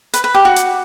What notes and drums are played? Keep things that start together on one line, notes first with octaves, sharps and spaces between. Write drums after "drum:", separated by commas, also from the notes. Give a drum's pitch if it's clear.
B4, drum: hi-hat
B4
G4
F#4
drum: hi-hat